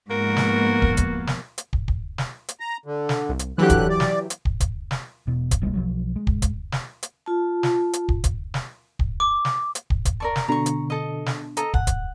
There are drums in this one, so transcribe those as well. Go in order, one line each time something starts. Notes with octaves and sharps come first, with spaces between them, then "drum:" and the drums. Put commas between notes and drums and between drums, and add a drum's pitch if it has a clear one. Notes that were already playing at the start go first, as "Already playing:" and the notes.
G#2 F3 A#3 B3 F#4 A#4
drum: snare
drum: kick
drum: kick, hi-hat
drum: snare
drum: hi-hat
drum: kick
drum: kick
drum: snare
drum: hi-hat
A#5
D3
drum: snare
C2
drum: hi-hat
D3 E3 F#3 G4 F#6
drum: kick, hi-hat
D5
drum: snare
drum: hi-hat
drum: kick
drum: kick, hi-hat
drum: snare
E1 B2
drum: kick, hi-hat
B1 G3 G#3 A#3
B1 F#2 F3 F#3
G#3
drum: kick
drum: kick, hi-hat
drum: snare
drum: hi-hat
F4 A5
drum: snare
drum: hi-hat
drum: kick
drum: kick, hi-hat
drum: snare
drum: kick
D6
drum: snare
drum: hi-hat
drum: kick
drum: kick, hi-hat
A#4 D5 A5 C#6
drum: snare
B2 D3 A#5 C#6
drum: hi-hat
A4 D#5
drum: snare
A4 D#5 A#5, drum: hi-hat
F#5, drum: kick
drum: kick, hi-hat